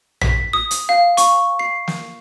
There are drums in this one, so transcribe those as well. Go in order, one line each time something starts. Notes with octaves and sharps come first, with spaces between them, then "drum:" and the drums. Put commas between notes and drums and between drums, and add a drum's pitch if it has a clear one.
B6, drum: tom
D#6
drum: hi-hat
F5
C#6, drum: hi-hat
C7
drum: snare